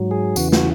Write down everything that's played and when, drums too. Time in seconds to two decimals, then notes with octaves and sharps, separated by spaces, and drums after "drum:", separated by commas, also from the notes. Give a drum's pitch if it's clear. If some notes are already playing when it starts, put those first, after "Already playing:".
Already playing: G#2 F#3
0.11 G#4
0.36 E2 C#3 E3 F#4, drum: tambourine
0.52 F#4, drum: snare